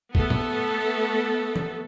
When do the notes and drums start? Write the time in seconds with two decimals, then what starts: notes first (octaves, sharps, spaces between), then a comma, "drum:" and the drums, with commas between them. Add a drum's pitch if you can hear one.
0.15 A3 B3 A4, drum: kick
0.30 drum: tom G#2
1.56 drum: tom